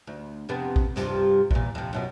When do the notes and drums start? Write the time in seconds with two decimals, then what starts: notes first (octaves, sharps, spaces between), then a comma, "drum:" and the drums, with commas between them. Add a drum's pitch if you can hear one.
0.07 D2
0.49 F2 C3 B3
0.76 drum: kick A#1
0.96 G2 C3 F3, drum: snare
1.51 E2 A#2, drum: kick A#1
1.75 F2 C3
1.93 F#2 B2 F3